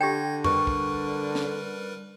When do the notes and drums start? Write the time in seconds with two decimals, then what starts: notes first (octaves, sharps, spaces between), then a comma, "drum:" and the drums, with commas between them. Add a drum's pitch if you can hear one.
0.01 D3 G4 G5 G6 G#6 A#6
0.44 G3 A#4 B4 C#6, drum: tom F2
0.67 drum: kick
1.35 drum: snare